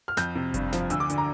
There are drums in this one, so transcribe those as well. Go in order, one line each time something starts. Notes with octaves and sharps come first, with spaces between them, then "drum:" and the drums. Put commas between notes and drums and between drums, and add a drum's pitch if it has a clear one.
F6
F2 G6, drum: snare
C3
G2, drum: kick F#1, hi-hat
F3, drum: snare
D2 E6, drum: hi-hat
D6
D3, drum: hi-hat
A#5